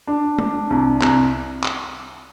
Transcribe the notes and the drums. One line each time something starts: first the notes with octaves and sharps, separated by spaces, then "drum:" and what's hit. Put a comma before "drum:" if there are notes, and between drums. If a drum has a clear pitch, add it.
D4
D4, drum: tom G#3
C2
C2, drum: clap
drum: clap